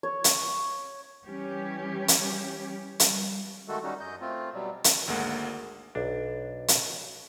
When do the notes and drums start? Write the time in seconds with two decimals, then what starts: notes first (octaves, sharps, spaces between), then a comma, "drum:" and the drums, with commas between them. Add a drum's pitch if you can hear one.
0.03 C#5
0.24 drum: hi-hat
1.25 E3 G3 C#4 G4
2.08 drum: hi-hat
3.00 G3, drum: hi-hat
3.68 D#3 G#3 A3 F#4 A4
3.84 G3 C#4 D#4 F#4
4.00 F#2 D#5 G6
4.21 A3 C4 F4
4.54 B2 F#3 G3
4.84 drum: hi-hat
5.07 G#1 D2 G#3 A#3 F#5
5.95 B1 D4
6.68 drum: hi-hat